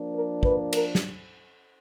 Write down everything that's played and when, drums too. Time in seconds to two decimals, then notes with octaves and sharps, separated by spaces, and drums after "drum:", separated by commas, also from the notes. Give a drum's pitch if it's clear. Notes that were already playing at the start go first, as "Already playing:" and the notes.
Already playing: F3 A#3 D4
0.14 A#4
0.43 B4, drum: kick
0.73 A#4, drum: cymbal
0.95 drum: snare